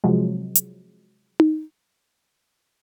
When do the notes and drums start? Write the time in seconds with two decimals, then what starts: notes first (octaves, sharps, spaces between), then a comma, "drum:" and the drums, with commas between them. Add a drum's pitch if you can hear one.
0.04 C3 F3 F#3 G#3
0.55 drum: hi-hat
1.40 drum: tom D#4